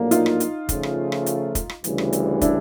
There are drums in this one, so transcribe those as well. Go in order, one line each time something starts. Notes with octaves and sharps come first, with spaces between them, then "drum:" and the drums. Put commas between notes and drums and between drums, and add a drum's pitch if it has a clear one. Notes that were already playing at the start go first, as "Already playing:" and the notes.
Already playing: A#1 A2 F#3 A#3 D4
D#4 F4, drum: hi-hat
drum: rim click
drum: hi-hat
C#3 F3 A3, drum: kick, hi-hat
drum: rim click
drum: rim click
drum: hi-hat
drum: kick, hi-hat
drum: rim click
D2 C#3 E3 G3, drum: hi-hat
drum: rim click
drum: hi-hat
D4 E4, drum: kick, hi-hat